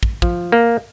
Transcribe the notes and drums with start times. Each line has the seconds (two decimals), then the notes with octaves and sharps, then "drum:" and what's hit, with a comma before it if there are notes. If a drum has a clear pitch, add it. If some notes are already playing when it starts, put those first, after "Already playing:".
0.03 drum: kick
0.22 F3, drum: kick
0.52 A#3